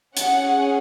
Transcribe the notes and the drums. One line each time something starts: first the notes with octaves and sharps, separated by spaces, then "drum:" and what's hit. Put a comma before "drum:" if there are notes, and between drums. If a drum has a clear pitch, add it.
C#4 G#4 F#5, drum: hi-hat